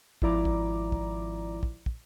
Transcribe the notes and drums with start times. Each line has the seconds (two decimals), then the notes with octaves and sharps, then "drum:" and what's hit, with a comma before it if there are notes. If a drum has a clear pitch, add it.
0.22 G#1 F3 E4 D5 A#5 D6, drum: kick
0.45 drum: kick
0.92 drum: kick
1.63 drum: kick
1.86 drum: kick